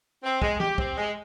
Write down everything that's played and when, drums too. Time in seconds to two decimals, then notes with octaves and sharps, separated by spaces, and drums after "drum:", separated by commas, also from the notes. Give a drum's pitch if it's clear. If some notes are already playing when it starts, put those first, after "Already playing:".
0.23 C4
0.42 G#3, drum: kick
0.60 G4, drum: tom E3
0.78 C4, drum: kick
0.97 G#3